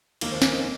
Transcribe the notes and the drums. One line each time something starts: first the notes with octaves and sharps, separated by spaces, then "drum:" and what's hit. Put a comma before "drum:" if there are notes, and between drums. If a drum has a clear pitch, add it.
F1 D#2 D#3 A#3, drum: cymbal
C4
A#3 C#4, drum: snare
C4 D#4